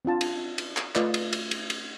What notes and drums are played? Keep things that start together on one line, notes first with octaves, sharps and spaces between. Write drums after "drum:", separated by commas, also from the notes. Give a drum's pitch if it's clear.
C4 D4 F4 A5
drum: cymbal
drum: cymbal
drum: clap
A3 F4 B4 D5 D#5, drum: clap
drum: cymbal
drum: cymbal
drum: cymbal
drum: cymbal